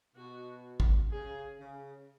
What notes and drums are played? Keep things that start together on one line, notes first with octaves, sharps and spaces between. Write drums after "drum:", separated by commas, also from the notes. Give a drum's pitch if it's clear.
B2 F#4
drum: kick
C#3 G#4
C#3